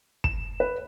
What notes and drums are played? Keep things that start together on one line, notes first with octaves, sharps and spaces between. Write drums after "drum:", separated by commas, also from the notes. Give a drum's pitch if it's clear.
E7, drum: kick
B4